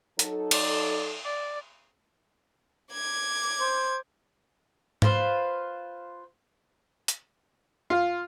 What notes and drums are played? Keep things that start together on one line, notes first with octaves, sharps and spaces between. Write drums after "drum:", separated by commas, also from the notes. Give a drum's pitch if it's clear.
F#3 D#4 A4, drum: hi-hat
D5, drum: cymbal
D5
D6 G#6
C5
F4 B4 C5 F5, drum: tom G#2
drum: hi-hat
F4